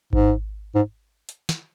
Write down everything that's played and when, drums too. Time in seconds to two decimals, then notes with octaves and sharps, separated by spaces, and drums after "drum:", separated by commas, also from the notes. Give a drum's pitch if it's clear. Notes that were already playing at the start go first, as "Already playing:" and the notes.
0.13 G#2, drum: kick G#1
0.75 G#2
1.29 drum: hi-hat
1.49 drum: snare